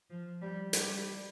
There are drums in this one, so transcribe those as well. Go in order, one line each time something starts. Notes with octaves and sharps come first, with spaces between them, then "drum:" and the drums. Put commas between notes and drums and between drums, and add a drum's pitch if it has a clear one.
F3
G3
G3, drum: hi-hat